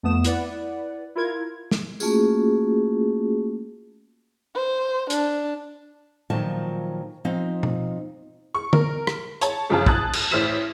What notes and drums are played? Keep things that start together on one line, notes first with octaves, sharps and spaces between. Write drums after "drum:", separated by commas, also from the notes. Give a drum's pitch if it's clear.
F2 A3 B3 D#6 E7
E4 B4 D5 F#5, drum: hi-hat
E4 F4 A#4 G#6
drum: snare
A3 A#3 C#4 F4 F#4 G#4, drum: tambourine
C5
D4, drum: hi-hat
A#2 D#3 F3 F#3 A5
F3 C4 D#4
drum: tom B2
C#6
A#4, drum: tom
drum: rim click
C#5 A5, drum: hi-hat
G1 F#2 C#3 F3 F4 A5
A5 D#6 F#6 G#6 A6, drum: kick
drum: cymbal
A1 E4 C5 F6 B6 E7